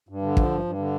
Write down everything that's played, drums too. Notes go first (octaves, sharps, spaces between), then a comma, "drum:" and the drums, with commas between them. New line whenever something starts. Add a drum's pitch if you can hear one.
G2
D3
F3, drum: kick
G2
G2
D3